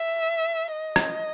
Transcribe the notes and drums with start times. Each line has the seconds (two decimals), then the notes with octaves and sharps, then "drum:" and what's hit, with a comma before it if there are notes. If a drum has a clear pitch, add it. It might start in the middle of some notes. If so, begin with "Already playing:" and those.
Already playing: E5
0.72 D#5
0.96 drum: rim click